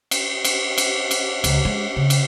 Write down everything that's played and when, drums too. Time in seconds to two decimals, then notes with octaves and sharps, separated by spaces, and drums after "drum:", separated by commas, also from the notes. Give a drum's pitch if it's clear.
0.11 drum: cymbal
0.44 drum: cymbal
0.78 drum: cymbal
1.11 drum: cymbal
1.44 C#2, drum: cymbal
1.65 G#3
1.96 C#3
2.10 drum: cymbal